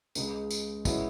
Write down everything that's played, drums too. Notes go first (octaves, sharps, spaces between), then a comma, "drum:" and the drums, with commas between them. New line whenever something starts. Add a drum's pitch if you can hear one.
C#2 C#3 G#3, drum: tambourine
drum: tambourine
B2 G#3 C#4 E4, drum: kick, tambourine